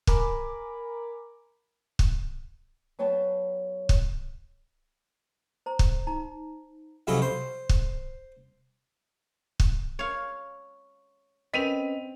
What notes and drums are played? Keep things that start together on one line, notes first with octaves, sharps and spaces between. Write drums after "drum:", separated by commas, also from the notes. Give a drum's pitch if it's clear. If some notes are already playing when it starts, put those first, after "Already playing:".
A#4 G#5 A#5 B5 D6, drum: kick
drum: kick
F#3 B3 C#5 G5 A5
drum: kick
C5 A#5
drum: kick
D#4 A#5
F2 C3 F#3 C#4 E4 D#5
C5
drum: kick
drum: kick
C#5 F5
C4 C#4 B4 D#5 B6 D#7 F7